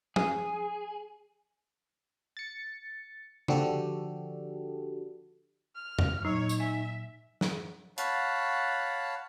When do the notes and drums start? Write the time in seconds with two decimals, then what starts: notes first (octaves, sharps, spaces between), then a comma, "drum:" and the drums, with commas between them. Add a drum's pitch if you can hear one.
0.16 G#4, drum: tom F3
2.37 A6 C#7
3.48 D3 F3 D4 F#4 G4 A4, drum: tom C#3
5.75 F6
5.99 drum: tom E2
6.25 A#2 F#3 D#4 C#5
6.49 drum: tambourine
6.60 E5 G#5
7.41 drum: snare F#3
7.98 C#5 F5 F#5 A5 B5, drum: hi-hat